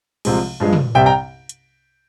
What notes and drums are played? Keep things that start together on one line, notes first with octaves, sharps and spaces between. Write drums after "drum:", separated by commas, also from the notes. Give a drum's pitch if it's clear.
C2 C3 F3 G#3, drum: cymbal
G2 F3 G#3
drum: tom
C2 C3 G3 E5 G5
G5 A#5
drum: hi-hat